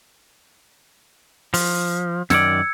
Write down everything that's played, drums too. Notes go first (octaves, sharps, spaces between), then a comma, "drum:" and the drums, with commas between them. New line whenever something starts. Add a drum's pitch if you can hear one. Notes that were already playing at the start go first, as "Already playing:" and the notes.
F3, drum: open hi-hat
F#2 D#3 D5 E6 G#6 C#7, drum: snare